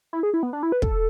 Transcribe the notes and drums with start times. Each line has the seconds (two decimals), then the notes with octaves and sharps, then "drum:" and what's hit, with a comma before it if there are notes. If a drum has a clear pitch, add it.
0.13 E4
0.23 G#4
0.34 E4
0.43 B3
0.53 D4
0.63 E4
0.72 B4
0.82 A4, drum: kick